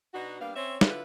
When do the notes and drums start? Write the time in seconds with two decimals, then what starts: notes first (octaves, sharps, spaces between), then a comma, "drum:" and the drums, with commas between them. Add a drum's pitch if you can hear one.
0.13 B2 D4 D#4 F#4
0.41 G3 A#3 B3 D4 F5
0.55 C4 C#4 C5 C#5 E5
0.81 D3 F#3 E4 F4 B4, drum: snare